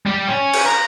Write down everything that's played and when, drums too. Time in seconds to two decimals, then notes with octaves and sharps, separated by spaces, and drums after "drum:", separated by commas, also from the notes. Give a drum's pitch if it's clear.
0.06 G3 G4
0.27 C#4
0.54 drum: cymbal
0.66 A#5